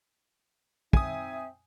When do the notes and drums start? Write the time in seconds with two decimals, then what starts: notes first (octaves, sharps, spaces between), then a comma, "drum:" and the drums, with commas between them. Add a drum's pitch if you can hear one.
0.93 C4 D#4 E5 G#5 D#6, drum: kick